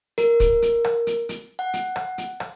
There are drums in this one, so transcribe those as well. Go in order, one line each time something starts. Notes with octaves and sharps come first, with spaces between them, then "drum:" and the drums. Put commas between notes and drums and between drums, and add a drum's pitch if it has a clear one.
A#4, drum: hi-hat
drum: kick, hi-hat
drum: hi-hat
drum: rim click
drum: hi-hat
drum: hi-hat
F#5
drum: hi-hat
drum: rim click
drum: hi-hat
drum: rim click